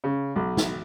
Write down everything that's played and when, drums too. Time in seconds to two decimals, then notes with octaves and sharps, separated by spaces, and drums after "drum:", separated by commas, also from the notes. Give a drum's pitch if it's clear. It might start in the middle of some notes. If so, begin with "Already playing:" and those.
0.04 C#3
0.36 B1
0.57 drum: snare